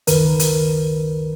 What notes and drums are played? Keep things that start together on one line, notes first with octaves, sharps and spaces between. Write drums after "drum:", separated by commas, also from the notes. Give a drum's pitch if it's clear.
C#2 F#2 D#3 A#4 B4, drum: hi-hat
drum: hi-hat